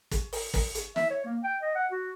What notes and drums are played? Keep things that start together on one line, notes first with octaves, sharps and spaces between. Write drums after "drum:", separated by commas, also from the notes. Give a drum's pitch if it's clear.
drum: kick, hi-hat
drum: open hi-hat
drum: kick, open hi-hat
drum: hi-hat
E5, drum: snare
C#5
A#3
G5
D#5
F#5
F#4